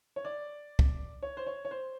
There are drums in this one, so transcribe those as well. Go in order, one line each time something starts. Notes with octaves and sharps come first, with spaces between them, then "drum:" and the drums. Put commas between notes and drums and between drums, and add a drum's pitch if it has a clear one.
C#5
D5
drum: kick
C#5
C5
C#5
C#5
C5